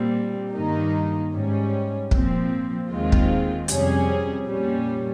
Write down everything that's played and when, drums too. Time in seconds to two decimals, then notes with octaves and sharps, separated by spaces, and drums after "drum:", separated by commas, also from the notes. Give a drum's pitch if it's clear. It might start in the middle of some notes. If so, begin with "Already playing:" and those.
Already playing: A#2 G3 C4
0.53 G2 D#3 A#3 D#4
1.33 G#2 G3 C#4
2.11 A#2 F3 C4, drum: kick
2.89 D#2 D#3 G#3 C4 F4
3.12 drum: kick
3.68 F2 C3 G3 C#4 G#4, drum: hi-hat
4.46 A#2 G3 C#4